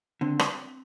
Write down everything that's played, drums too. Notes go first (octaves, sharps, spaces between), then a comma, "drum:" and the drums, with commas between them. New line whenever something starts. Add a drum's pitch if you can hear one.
D3 C4
drum: rim click